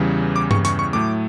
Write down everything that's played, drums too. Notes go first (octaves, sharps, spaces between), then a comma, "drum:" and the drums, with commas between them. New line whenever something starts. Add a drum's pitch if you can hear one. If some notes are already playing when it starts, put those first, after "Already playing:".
Already playing: E2 C#3 E3 G3
D6
C#6, drum: tom G2
C#6, drum: hi-hat
C#6
A2 F#3 A3 D6